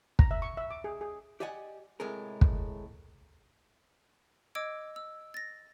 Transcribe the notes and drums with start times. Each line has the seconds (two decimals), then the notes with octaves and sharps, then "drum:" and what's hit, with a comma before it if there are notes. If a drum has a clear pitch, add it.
0.19 A#5, drum: kick
0.31 E5
0.42 C#6
0.57 E5
0.71 D6
0.84 G#4
1.01 G#4
1.40 G4 D5 D#5 F#5 G#5
2.00 A2 C3 G#3 G#4 A#4
2.41 drum: kick
4.55 D#5 D6 E6 G#6 D7
4.96 E6
5.34 A6 A#6